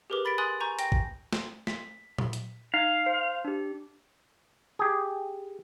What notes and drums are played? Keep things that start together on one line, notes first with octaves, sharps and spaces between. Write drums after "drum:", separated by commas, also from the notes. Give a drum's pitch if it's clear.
G4 G#4 A#4 B4 D6
B5 A6 B6 D7
G#5 C6 D#6 F#6 A6 F#7
G#5 A#5 C#6 G6
G5 A#6, drum: hi-hat
drum: kick
drum: snare
B6, drum: snare
drum: tom
drum: hi-hat
D#4 F5
C5
D4 G4
G4 G#4